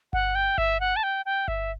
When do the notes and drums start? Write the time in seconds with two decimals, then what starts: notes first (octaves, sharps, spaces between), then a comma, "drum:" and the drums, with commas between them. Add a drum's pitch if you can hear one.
0.13 F#5, drum: kick G1
0.35 G5
0.58 E5, drum: kick G1
0.80 F#5
0.96 A5
1.03 G5
1.26 G5
1.48 E5, drum: kick G1